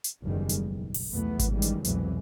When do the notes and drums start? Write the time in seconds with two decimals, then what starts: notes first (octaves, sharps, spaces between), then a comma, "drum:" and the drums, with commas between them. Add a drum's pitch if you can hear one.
0.04 drum: hi-hat
0.23 F#1 E2 D#3 G3 G#3
0.49 drum: hi-hat
0.64 B1
0.94 drum: open hi-hat
1.10 F1 B1 E2 E3 A3 B3
1.39 drum: kick G#1, hi-hat
1.52 F#2 D#3 E3 G3 G#3
1.62 drum: hi-hat
1.84 C2 F2 B2 E3 F#3 G#3, drum: hi-hat